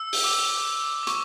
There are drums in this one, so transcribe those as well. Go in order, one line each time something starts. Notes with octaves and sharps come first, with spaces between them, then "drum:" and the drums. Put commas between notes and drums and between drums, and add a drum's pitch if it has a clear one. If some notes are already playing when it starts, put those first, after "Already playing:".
Already playing: E6
drum: open hi-hat
D6
D6
C#6, drum: hi-hat